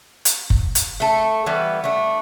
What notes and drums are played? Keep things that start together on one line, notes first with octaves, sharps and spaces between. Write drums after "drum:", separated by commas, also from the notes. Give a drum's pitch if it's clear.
drum: hi-hat
drum: kick F#1
drum: hi-hat
A3 A4
E3 G3 B3
A3 D4